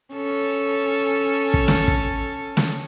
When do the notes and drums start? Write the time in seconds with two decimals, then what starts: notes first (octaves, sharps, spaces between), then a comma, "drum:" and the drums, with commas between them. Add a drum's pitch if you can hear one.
0.14 C#4 A4
1.54 drum: kick
1.68 drum: snare
1.88 drum: kick
2.57 drum: snare